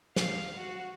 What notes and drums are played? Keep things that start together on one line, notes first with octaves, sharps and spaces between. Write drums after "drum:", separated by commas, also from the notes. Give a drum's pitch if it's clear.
F5, drum: snare
F#4